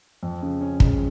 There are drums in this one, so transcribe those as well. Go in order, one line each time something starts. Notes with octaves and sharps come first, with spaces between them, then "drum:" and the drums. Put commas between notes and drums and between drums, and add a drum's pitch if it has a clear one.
F2
C#3
C#4
G#3, drum: kick